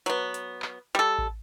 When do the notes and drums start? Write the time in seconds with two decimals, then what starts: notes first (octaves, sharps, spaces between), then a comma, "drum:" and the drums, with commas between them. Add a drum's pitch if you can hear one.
0.06 F#3 B3, drum: hi-hat
0.34 drum: hi-hat
0.62 drum: clap
0.95 G3 A4
1.18 drum: kick A1